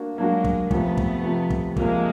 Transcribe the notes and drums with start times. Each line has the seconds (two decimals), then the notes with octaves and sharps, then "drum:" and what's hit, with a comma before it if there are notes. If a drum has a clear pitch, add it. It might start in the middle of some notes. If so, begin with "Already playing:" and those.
Already playing: A#3 D4 F#4
0.18 F#3 G#3 A#3 D4 F#4
0.44 drum: kick
0.71 F2 C3 F3 A3 B3, drum: kick
0.97 drum: kick
1.24 F2 C3 F3
1.50 drum: kick
1.76 F2 C3 F3 G#3 A#3, drum: kick